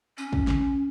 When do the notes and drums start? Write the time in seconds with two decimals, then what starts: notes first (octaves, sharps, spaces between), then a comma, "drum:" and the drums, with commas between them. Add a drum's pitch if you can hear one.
0.18 C#4, drum: tambourine
0.33 drum: kick
0.47 drum: snare